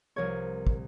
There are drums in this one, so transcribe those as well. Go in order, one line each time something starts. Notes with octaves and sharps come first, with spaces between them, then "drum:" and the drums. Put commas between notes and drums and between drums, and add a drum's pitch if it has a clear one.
C2 F3 A#4 C#5 G#6
drum: kick